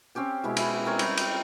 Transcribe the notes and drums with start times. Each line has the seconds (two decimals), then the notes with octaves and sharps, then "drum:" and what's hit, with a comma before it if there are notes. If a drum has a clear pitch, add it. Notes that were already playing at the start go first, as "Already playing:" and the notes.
0.15 C4 C#4 G4 G5
0.43 B2 G#3 E4 G4
0.57 E4, drum: cymbal
0.85 C4 A#4 C#5 G#5
0.99 G3 G5, drum: cymbal
1.17 drum: cymbal